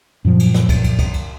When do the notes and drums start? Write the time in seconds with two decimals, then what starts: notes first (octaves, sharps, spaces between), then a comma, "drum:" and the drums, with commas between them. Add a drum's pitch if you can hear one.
0.25 F#2 A#2 F3 F#3
0.39 drum: cymbal
0.54 drum: snare
0.69 drum: kick, cymbal
0.84 drum: cymbal
0.99 drum: kick, cymbal
1.14 drum: cymbal